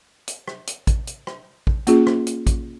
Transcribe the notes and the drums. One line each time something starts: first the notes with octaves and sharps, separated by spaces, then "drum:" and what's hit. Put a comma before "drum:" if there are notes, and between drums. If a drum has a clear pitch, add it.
drum: hi-hat
drum: rim click
drum: hi-hat
drum: kick, hi-hat
drum: hi-hat
drum: rim click
drum: kick
A#3 C#4 F4 G#4, drum: hi-hat
drum: rim click
drum: hi-hat
drum: kick, hi-hat